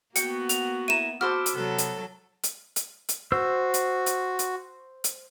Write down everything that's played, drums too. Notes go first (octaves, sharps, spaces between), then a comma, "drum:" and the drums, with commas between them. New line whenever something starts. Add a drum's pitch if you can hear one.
A#3 B3 F#4 G5 C#7, drum: hi-hat
F7, drum: hi-hat
E4 A#4 A#5 D#7 E7
F#4 C5 A5 B5 D6 E6 F6
drum: hi-hat
C3 F#3 B3 A4
drum: hi-hat
drum: hi-hat
drum: hi-hat
drum: hi-hat
F#4 C5 E6
drum: hi-hat
drum: hi-hat
drum: hi-hat
drum: hi-hat